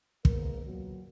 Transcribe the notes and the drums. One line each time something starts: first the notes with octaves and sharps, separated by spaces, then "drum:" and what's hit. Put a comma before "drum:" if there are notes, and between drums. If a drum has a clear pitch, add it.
G#2 F3 A#3 B3 A#4, drum: kick
A#2 F#3 B3